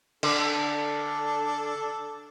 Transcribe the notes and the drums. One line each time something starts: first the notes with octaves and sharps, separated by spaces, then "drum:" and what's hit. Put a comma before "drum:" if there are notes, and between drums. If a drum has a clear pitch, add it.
D3 D4 A4, drum: cymbal